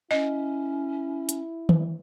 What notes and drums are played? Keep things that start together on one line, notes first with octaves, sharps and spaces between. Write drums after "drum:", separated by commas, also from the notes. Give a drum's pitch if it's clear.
C#4 E4 D#5
drum: hi-hat
drum: tom D#3